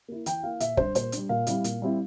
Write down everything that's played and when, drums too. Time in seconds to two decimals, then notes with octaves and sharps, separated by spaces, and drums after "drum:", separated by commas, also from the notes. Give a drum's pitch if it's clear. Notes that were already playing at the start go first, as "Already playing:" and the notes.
0.08 A#3 E4
0.26 E3 G5, drum: hi-hat
0.43 A#3 E4 F5
0.60 A#2 E5, drum: hi-hat
0.77 G3 D4 C5, drum: kick
0.95 A#2 C5, drum: hi-hat
1.12 G3 D4, drum: hi-hat
1.29 A#2 F5
1.47 G3 C4 E4, drum: hi-hat
1.64 A#2, drum: hi-hat
1.82 G3 C4 E4